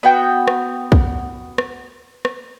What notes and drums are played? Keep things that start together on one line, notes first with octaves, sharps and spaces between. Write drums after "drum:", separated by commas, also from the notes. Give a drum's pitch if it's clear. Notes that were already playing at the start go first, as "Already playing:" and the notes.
B3 F#4 G5
drum: rim click
drum: kick
drum: rim click
drum: rim click